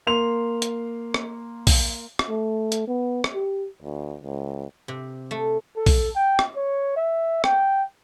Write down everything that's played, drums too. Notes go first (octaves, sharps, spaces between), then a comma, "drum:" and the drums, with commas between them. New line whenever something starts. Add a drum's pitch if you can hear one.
A#3 C6 F7
drum: hi-hat
drum: rim click
drum: kick, open hi-hat
drum: rim click
A3
drum: hi-hat
B3
drum: rim click
G4
D2
C#2
C3
A3
A4
drum: kick, open hi-hat
G5
drum: rim click
C#5
E5
G5, drum: rim click